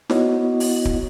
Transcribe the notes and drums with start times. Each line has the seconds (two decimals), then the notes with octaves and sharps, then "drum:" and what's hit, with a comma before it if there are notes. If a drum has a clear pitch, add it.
0.10 B3 E4 F#4 C#5 D#5, drum: snare
0.60 drum: open hi-hat
0.85 drum: kick